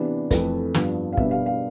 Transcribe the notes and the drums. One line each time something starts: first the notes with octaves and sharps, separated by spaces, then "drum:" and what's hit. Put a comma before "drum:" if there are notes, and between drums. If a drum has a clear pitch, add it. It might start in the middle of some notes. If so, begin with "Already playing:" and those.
Already playing: C3 E3 B3 D4
F2 E3 A3 B4, drum: kick, hi-hat
G2 F3 B3 D4, drum: snare
F5
B2 G3 B3 D4 E5, drum: kick
F5
F5